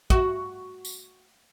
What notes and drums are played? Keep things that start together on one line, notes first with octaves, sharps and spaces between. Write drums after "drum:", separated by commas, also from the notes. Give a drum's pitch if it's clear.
F#4, drum: kick
drum: tambourine